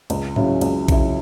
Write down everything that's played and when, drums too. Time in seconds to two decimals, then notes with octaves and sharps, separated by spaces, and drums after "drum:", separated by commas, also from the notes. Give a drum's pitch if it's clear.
0.10 C#2, drum: cymbal
0.36 C#3 F#3 C#4 E4, drum: tom G#2
0.61 C#2, drum: cymbal
0.88 C#3 F#3 C#4 E4, drum: kick A#1, cymbal